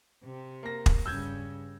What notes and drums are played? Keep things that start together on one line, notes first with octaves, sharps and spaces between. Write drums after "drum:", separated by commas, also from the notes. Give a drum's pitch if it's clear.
C3
A#3 A#6
drum: kick
G2 C#3 E6 G6 G#6